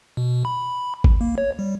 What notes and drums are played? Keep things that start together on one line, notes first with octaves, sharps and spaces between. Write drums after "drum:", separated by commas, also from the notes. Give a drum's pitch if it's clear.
B2
B5
drum: kick G#1
A#3
C#5
G3